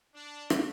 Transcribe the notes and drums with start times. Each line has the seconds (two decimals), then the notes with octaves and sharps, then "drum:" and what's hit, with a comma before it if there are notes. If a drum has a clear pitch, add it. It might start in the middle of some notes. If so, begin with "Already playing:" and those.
0.15 D4
0.50 drum: rim click